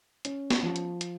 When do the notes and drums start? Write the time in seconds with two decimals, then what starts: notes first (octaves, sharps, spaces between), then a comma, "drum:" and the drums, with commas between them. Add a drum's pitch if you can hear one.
0.25 C#4, drum: hi-hat
0.50 drum: snare
0.63 F3
0.76 drum: hi-hat
1.01 drum: hi-hat